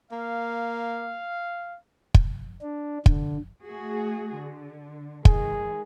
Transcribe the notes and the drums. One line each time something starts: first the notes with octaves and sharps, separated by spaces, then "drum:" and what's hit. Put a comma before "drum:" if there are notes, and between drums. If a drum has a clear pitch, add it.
A#3 F5
drum: kick
D4
D3, drum: kick
A3 F#4 G#4
D3
D#3 G#3 G#4, drum: kick